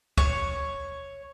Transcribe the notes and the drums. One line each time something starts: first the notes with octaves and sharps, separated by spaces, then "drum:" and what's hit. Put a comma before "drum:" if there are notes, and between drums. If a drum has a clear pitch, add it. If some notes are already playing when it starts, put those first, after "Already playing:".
C#5, drum: kick